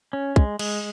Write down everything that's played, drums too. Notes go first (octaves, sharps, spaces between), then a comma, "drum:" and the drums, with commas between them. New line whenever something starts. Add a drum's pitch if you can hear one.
C#4
G#3, drum: kick
G#3, drum: cymbal